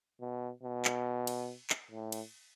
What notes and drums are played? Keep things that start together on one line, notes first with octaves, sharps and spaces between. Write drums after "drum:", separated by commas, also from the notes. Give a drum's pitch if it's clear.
B2
B2
drum: clap
drum: cymbal
drum: clap
A2
drum: cymbal